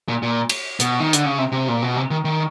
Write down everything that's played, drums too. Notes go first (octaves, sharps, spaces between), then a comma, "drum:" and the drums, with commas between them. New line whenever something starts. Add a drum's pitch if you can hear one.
A#2
A#2
drum: cymbal
B2, drum: hi-hat
D#3
D3, drum: hi-hat
C#3
C3
C3
A#2
B2
C3
D#3
D#3